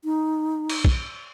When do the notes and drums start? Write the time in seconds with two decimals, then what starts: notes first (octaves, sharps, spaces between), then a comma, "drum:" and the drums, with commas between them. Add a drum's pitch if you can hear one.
0.05 D#4
0.70 drum: cymbal
0.85 drum: kick